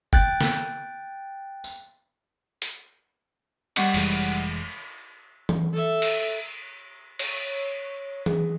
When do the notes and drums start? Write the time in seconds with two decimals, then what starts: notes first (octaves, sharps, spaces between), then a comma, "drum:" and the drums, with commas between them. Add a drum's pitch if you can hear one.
0.13 G5 F#6 A6, drum: kick F#1
0.41 drum: snare
1.64 drum: tambourine
2.62 drum: hi-hat
3.76 G3 F#5 C#6, drum: cymbal
3.94 F1 E3 G#3, drum: cymbal
5.49 drum: tom E3
5.73 A4 E5
6.02 drum: cymbal
7.19 C#5, drum: cymbal
8.26 G#4, drum: tom E3